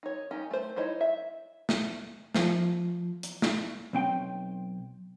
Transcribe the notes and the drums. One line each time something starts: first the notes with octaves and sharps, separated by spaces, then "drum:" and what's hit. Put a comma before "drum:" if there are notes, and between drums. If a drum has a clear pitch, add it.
D#4 C#5
C#4 D#4 G4
A3 C5
D#4 E4 C5 C#5 D#5
E5
drum: snare
F3, drum: snare
drum: hi-hat
drum: snare
B1 C4 G5